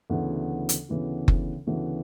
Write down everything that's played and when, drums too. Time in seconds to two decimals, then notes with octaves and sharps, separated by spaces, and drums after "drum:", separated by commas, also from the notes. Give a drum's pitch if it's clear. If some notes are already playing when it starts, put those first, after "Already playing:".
0.10 D2 C#3 E3 B3 F#4
0.69 drum: hi-hat
0.89 D2 C#3 E3 B3 F#4
1.28 drum: kick F#1
1.67 D2 C#3 E3 B3 F#4